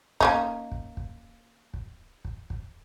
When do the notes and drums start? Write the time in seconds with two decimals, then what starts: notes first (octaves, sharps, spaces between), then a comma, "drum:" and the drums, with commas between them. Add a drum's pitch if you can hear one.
0.20 A#3 C#4 D#4, drum: kick
0.72 drum: kick
0.97 drum: kick
1.74 drum: kick
2.25 drum: kick
2.50 drum: kick